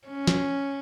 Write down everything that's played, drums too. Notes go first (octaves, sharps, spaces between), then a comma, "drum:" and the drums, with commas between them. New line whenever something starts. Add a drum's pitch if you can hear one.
C#4
drum: snare